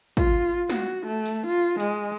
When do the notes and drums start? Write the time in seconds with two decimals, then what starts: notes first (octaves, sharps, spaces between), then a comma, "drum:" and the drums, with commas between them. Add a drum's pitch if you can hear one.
0.17 F4, drum: kick, hi-hat
0.70 F#4, drum: snare
1.06 A3
1.26 drum: open hi-hat
1.47 F4
1.80 G#3, drum: hi-hat